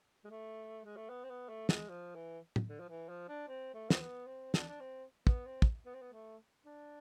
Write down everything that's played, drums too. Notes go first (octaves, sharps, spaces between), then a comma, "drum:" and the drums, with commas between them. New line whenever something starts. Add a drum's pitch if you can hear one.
G#3
A3
G#3
A3
B3
C4
B3
A3
G#3, drum: snare
F3
E3
drum: tom
D3
F3
E3
F3
D4
C4
A3
C4, drum: snare
B3
C4
D4, drum: snare
D4
C4
B3, drum: kick
C4
drum: kick
B3
C4
B3
A3
D4